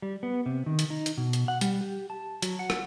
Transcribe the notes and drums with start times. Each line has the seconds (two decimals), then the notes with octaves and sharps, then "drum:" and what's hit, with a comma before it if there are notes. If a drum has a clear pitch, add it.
0.02 G3
0.23 B3
0.46 C3
0.66 D#3
0.79 drum: hi-hat
0.90 D#4
1.06 drum: hi-hat
1.17 B2
1.33 drum: hi-hat
1.48 F#5
1.61 G3, drum: hi-hat
1.81 G4
2.10 A5
2.42 F#3, drum: hi-hat
2.59 F#5
2.70 drum: rim click